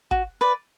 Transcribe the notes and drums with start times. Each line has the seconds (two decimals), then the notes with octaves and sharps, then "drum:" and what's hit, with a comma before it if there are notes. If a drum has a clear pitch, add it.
0.11 F#4, drum: kick
0.41 B4 D5